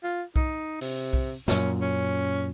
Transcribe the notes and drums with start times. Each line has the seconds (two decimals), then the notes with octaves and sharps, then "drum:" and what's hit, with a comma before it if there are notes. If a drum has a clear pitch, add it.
0.03 F4
0.36 D#4, drum: kick B1
0.81 C3, drum: open hi-hat
1.13 drum: kick B1
1.48 F#2 A#2 C#4, drum: snare
1.81 C#4